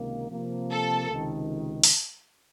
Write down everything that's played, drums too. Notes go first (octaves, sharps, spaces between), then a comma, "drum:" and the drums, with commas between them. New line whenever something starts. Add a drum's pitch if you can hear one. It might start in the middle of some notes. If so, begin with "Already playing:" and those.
Already playing: C#2 C3 D#3 A#3
C3 F3 A#3
A4
C#2 C3 D#3
drum: open hi-hat